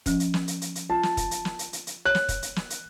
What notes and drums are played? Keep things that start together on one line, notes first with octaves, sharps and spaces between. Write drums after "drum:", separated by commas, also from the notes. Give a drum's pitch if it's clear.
F3 C#4, drum: kick, hi-hat
drum: hi-hat
drum: snare
drum: hi-hat
drum: hi-hat
drum: hi-hat
F4 A5
drum: snare
drum: kick, hi-hat
drum: hi-hat
drum: snare
drum: hi-hat
drum: hi-hat
drum: hi-hat
C#5 F#6
drum: snare
drum: kick, hi-hat
drum: hi-hat
drum: snare
drum: hi-hat